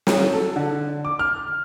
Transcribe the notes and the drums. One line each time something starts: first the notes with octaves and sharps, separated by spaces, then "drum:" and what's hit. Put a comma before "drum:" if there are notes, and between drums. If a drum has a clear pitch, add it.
F#3, drum: snare
A4
D3
D6
F6